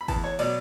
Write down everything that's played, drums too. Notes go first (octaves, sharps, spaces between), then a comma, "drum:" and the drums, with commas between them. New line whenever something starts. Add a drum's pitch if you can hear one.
B5
E2 A5, drum: kick, cymbal
C#5
B2 F#3 D5, drum: cymbal